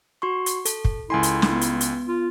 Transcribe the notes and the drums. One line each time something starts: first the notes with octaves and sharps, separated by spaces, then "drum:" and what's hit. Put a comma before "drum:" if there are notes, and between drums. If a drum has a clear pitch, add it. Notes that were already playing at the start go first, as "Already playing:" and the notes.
F#4 C6 C#6
drum: hi-hat
A4, drum: hi-hat
drum: kick
C#2 E4 A4 G#5 C6
drum: hi-hat
drum: snare
B3
drum: hi-hat
drum: hi-hat
F4